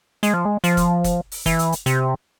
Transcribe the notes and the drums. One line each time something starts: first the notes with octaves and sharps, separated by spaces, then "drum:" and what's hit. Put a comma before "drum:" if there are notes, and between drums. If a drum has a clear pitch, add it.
G#3, drum: hi-hat
F3
G#3
F3, drum: hi-hat
drum: kick, hi-hat
drum: kick, hi-hat
drum: open hi-hat
E3, drum: kick, hi-hat
drum: hi-hat
drum: hi-hat
C3, drum: hi-hat